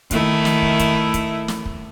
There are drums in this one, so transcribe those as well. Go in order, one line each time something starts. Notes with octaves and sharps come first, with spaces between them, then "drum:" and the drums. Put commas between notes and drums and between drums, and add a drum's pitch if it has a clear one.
D#3 A3 E4, drum: kick, hi-hat
drum: snare
drum: kick
drum: kick, hi-hat
drum: kick, hi-hat
drum: snare
drum: kick